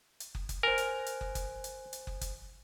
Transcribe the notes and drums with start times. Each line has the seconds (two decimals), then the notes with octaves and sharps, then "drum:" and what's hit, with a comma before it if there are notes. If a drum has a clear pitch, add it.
0.20 drum: hi-hat
0.35 drum: kick
0.49 drum: kick, hi-hat
0.63 A#4 C5 G#5
0.78 drum: hi-hat
1.06 drum: hi-hat
1.21 drum: kick
1.35 drum: kick, hi-hat
1.64 drum: hi-hat
1.93 drum: hi-hat
2.07 drum: kick
2.21 drum: kick, hi-hat